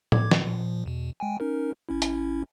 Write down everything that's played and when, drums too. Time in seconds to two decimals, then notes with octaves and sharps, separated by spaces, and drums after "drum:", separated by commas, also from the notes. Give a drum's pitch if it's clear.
0.12 D6 G#6, drum: tom A2
0.31 drum: snare
0.44 A#2 F3
0.86 E2 B2
1.20 G#3 G5 G#5
1.40 C#4 D#4 A#4
1.89 G#1 C#4 E4
2.02 drum: hi-hat